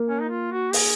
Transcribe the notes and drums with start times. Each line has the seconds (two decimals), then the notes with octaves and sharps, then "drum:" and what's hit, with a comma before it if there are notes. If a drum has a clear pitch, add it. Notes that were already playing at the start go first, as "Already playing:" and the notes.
Already playing: A#3
0.08 C#4
0.21 D#4
0.29 F4
0.52 F#4
0.73 G#4, drum: open hi-hat